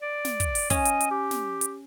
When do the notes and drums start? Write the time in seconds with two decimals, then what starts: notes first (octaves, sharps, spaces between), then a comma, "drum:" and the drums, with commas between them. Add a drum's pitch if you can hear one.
0.02 D5
0.25 drum: snare
0.40 drum: kick, hi-hat
0.55 drum: open hi-hat
0.70 C#4 D#5, drum: kick, hi-hat
0.85 drum: hi-hat
1.00 drum: hi-hat
1.11 G4
1.31 drum: snare
1.61 drum: hi-hat